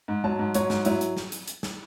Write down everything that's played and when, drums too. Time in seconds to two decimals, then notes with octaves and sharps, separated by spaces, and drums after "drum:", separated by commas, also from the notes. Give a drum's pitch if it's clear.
0.08 G#2
0.24 F#3 A5
0.39 G#2
0.55 F#3 C#5, drum: hi-hat
0.70 G#2, drum: snare
0.85 F#3 E4, drum: hi-hat
1.01 drum: hi-hat
1.17 drum: snare
1.32 drum: hi-hat
1.48 drum: hi-hat
1.63 drum: snare